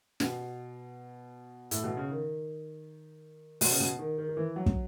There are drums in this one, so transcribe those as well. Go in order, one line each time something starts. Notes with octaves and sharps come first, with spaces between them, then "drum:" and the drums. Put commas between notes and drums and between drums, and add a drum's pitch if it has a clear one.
B2, drum: snare
A2, drum: hi-hat
B2
C#3
D#3
B2, drum: open hi-hat
C#3
B2
D#3
D#3
D#3
E3
F#3
drum: kick